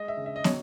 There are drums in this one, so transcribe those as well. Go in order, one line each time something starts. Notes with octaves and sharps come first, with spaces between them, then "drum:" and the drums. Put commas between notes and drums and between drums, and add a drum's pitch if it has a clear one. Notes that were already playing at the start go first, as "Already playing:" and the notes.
Already playing: G#3 D#5
E5
C#3
E5
D#5
F#3 C#5, drum: snare